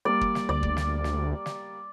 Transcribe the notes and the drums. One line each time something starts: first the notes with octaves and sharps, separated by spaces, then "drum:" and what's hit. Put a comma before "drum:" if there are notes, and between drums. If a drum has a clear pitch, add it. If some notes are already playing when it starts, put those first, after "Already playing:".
G3 A#3 D5
drum: kick
drum: snare
D2 D5
drum: kick
drum: snare
drum: snare
drum: snare